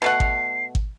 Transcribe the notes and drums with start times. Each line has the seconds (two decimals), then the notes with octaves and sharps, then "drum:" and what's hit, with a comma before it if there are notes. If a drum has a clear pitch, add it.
0.02 B2 A3 F#5 C7
0.20 drum: kick G#1
0.75 drum: kick G#1